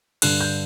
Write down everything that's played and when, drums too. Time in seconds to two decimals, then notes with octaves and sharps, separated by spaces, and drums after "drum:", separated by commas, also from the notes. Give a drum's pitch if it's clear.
0.22 G2 D3 F#6, drum: cymbal
0.41 G6